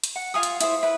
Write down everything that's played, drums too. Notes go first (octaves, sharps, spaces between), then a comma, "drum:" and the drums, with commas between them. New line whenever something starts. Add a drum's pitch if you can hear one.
drum: hi-hat
F#5
F4 F5 G#5 D#6
drum: hi-hat
E4 C5, drum: hi-hat
E4 B4